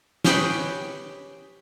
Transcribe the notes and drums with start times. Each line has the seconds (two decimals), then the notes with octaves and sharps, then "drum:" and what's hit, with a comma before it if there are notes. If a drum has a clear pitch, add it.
0.24 C#4 G4 G#4 B4 G5 B5, drum: snare